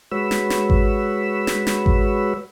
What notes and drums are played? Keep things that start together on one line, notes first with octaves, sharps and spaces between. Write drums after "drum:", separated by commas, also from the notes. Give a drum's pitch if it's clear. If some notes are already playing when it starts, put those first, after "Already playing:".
G#3 F#4 B4 C#5 B5 E6
drum: snare
drum: snare
drum: kick G#1
drum: snare
drum: snare
drum: kick G#1